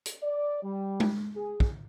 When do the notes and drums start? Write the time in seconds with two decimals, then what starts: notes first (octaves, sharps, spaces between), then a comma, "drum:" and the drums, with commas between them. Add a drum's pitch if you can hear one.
0.06 drum: hi-hat
0.23 D5
0.63 G3
1.00 drum: tom G#3
1.36 G#4
1.60 drum: kick